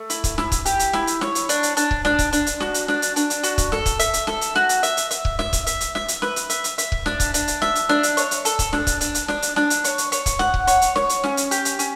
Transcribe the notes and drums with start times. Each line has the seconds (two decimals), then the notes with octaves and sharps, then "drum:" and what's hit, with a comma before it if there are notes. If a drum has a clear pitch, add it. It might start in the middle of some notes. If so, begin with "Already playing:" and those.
Already playing: A3
0.10 E4, drum: hi-hat
0.24 drum: kick C#1, hi-hat
0.38 E4, drum: snare
0.52 drum: kick C#1, hi-hat
0.66 G4, drum: hi-hat
0.79 drum: hi-hat
0.93 E4, drum: snare
1.07 drum: hi-hat
1.21 C#5, drum: snare
1.35 drum: hi-hat
1.49 D4, drum: hi-hat
1.63 drum: hi-hat
1.77 D4, drum: hi-hat
1.91 drum: kick C#1
2.05 D4, drum: snare
2.19 drum: kick C#1, hi-hat
2.33 D4, drum: hi-hat
2.46 drum: hi-hat
2.60 F#4, drum: snare
2.74 drum: hi-hat
2.88 D4, drum: snare
3.02 drum: hi-hat
3.16 D4, drum: hi-hat
3.30 drum: hi-hat
3.43 F#4, drum: hi-hat
3.58 drum: kick C#1, hi-hat
3.72 A4, drum: snare
3.86 drum: kick C#1, hi-hat
3.99 E5, drum: hi-hat
4.13 drum: hi-hat
4.27 A4, drum: snare
4.41 drum: hi-hat
4.55 F#4, drum: snare
4.69 drum: hi-hat
4.83 E5, drum: hi-hat
4.97 drum: hi-hat
5.11 E5, drum: hi-hat
5.25 drum: kick C#1
5.39 E5, drum: snare
5.53 drum: kick C#1, hi-hat
5.67 E5, drum: hi-hat
5.80 drum: hi-hat
5.95 E5, drum: snare
6.08 drum: hi-hat
6.22 B4, drum: snare
6.36 drum: hi-hat
6.50 E5, drum: hi-hat
6.64 drum: hi-hat
6.78 E5, drum: hi-hat
6.92 drum: kick C#1
7.06 D4, drum: snare
7.20 drum: kick C#1, hi-hat
7.34 D4, drum: hi-hat
7.48 drum: hi-hat
7.62 E5, drum: snare
7.75 drum: hi-hat
7.89 D4, drum: snare
8.03 drum: hi-hat
8.17 C#5, drum: hi-hat
8.31 drum: hi-hat
8.45 A4, drum: hi-hat
8.59 drum: kick C#1, hi-hat
8.73 D4, drum: snare
8.87 drum: kick C#1, hi-hat
9.01 D4, drum: hi-hat
9.15 drum: hi-hat
9.28 D4, drum: snare
9.42 drum: hi-hat
9.56 D4, drum: snare
9.70 drum: hi-hat
9.84 C#5, drum: hi-hat
9.98 drum: hi-hat
10.12 C#5, drum: hi-hat
10.26 drum: kick C#1, hi-hat
10.39 F#5, drum: snare
10.54 drum: kick C#1
10.67 C#5, drum: hi-hat
10.82 drum: hi-hat
10.96 C#5, drum: snare
11.09 drum: hi-hat
11.24 C#4, drum: snare
11.37 drum: hi-hat
11.51 G4, drum: hi-hat
11.65 drum: hi-hat
11.79 C#4, drum: hi-hat